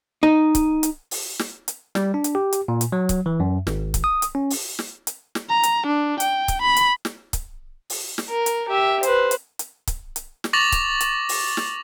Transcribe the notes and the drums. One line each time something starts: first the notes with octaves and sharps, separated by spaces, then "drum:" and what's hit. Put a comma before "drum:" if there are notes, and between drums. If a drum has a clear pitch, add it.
D#4
drum: kick C#1, hi-hat
drum: hi-hat
drum: open hi-hat
drum: snare
drum: hi-hat
G3, drum: snare
D4
drum: hi-hat
G4
drum: hi-hat
A#2
drum: hi-hat
F#3
drum: kick C#1, hi-hat
E3
F#2
G#1, drum: snare
drum: kick C#1, hi-hat
D#6
drum: hi-hat
C#4
drum: open hi-hat
drum: snare
drum: hi-hat
drum: snare
A#5
drum: hi-hat
D4
G5, drum: hi-hat
drum: kick C#1, hi-hat
B5
drum: hi-hat
drum: snare
drum: kick C#1, hi-hat
drum: open hi-hat
drum: snare
A#4
drum: hi-hat
G4 E5
B4 C5, drum: hi-hat
drum: hi-hat
drum: hi-hat
drum: kick C#1, hi-hat
drum: hi-hat
drum: snare
C#6 D6 A6 A#6 F7 F#7
drum: kick C#1, hi-hat
drum: hi-hat
drum: open hi-hat
drum: snare